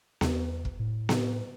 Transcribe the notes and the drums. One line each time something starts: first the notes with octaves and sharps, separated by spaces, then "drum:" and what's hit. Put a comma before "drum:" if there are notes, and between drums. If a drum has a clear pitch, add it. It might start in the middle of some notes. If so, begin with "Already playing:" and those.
E2, drum: snare B3
drum: kick
A2
drum: snare B3